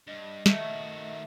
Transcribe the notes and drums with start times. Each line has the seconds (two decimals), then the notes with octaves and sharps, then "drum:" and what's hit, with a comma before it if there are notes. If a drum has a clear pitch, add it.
0.07 G2 D#5
0.46 D#3 A3 F#4, drum: snare